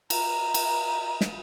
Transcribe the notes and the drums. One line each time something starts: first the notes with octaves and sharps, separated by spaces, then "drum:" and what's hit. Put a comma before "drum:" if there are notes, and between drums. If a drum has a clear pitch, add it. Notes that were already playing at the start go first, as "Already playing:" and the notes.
A#5, drum: cymbal
drum: cymbal
drum: snare